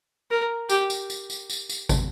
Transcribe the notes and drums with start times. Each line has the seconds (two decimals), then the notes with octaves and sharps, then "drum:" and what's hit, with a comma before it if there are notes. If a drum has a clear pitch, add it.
0.31 A#4
0.70 G4, drum: tambourine
0.90 drum: tambourine
1.10 drum: tambourine
1.30 drum: tambourine
1.50 drum: tambourine
1.69 drum: tambourine
1.89 drum: kick, tambourine